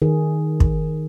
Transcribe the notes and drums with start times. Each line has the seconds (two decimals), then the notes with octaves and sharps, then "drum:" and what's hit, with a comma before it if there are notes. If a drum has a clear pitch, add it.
0.02 D#3 G#4
0.60 drum: kick